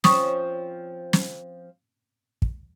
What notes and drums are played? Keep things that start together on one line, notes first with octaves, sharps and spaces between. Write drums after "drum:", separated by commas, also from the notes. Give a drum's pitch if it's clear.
F3 C4 C#4 C#6 D#6, drum: snare
drum: snare
drum: kick